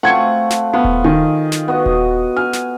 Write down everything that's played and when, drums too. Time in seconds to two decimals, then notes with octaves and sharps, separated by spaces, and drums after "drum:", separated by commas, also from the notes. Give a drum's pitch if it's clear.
0.03 A3 C4 F4 F#5 G#6 C#7
0.51 drum: snare
0.73 B3 F5 C#6
0.84 drum: kick D#1
1.04 D#3 D#5 G#5
1.52 drum: snare
1.68 B3 F#4 D#5
1.86 drum: kick D#1
2.37 G#5 F6
2.53 drum: snare